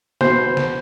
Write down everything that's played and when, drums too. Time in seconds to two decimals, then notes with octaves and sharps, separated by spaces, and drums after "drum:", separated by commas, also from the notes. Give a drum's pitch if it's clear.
0.21 B2 C5, drum: snare
0.57 drum: snare